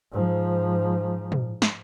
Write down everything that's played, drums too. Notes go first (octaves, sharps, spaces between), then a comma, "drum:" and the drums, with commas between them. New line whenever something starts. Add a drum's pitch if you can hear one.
G#2 F3
drum: tom
drum: snare